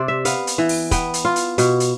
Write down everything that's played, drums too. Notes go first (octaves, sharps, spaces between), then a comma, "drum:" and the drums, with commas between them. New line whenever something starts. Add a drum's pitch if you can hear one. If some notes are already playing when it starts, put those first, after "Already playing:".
Already playing: C3 C5 D5
E5
B3 F5, drum: hi-hat
drum: hi-hat
E3
drum: open hi-hat
B3 G5, drum: kick, hi-hat
drum: hi-hat
F4
drum: hi-hat
B2, drum: hi-hat
drum: hi-hat